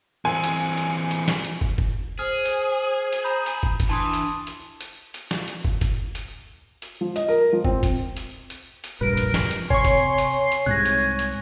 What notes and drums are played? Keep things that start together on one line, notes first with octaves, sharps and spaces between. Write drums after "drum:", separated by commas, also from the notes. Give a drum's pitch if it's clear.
E3 C4 G#5
drum: hi-hat
drum: hi-hat
drum: hi-hat
drum: snare
drum: hi-hat
drum: kick
drum: kick
G#4 C5 F6
drum: hi-hat
drum: hi-hat
A#5 B5 G6
drum: hi-hat
drum: kick
drum: kick, hi-hat
E3 D4 A5 C6 D#6
drum: hi-hat
drum: hi-hat
drum: hi-hat
drum: hi-hat
drum: snare
drum: hi-hat
drum: kick
drum: kick, hi-hat
drum: hi-hat
drum: hi-hat
F3
D#5, drum: hi-hat
A#4
F3
C4, drum: kick
drum: kick, hi-hat
drum: hi-hat
drum: hi-hat
drum: hi-hat
F1 A#1 G2 A#4 B4 D7
drum: hi-hat
drum: snare
drum: hi-hat
C3 C#5 G#5 C6 C#6, drum: kick
drum: kick, hi-hat
drum: hi-hat
drum: hi-hat
C2 G#2 C3 G#5 F#6 A#6
drum: hi-hat
drum: hi-hat